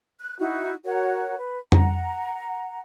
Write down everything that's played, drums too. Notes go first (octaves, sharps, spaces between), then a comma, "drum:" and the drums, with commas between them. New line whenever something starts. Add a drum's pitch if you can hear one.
F#6
D#4 E4 F#4
F#4 A#4 C#5 F#5
B4
F#5 A#5, drum: tom F2